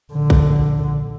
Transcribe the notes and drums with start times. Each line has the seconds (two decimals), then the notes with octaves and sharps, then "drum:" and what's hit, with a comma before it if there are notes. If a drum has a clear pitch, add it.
0.13 A#1 D3
0.30 drum: kick